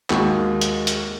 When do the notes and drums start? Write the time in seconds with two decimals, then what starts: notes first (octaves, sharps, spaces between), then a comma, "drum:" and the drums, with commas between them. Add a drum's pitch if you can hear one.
0.10 D#2 G#3 F#4, drum: clap
0.61 drum: hi-hat
0.87 drum: hi-hat